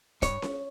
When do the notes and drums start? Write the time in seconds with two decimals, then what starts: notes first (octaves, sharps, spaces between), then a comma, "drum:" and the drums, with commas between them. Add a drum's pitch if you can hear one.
0.22 G2 C#5, drum: kick, hi-hat
0.42 drum: snare C#4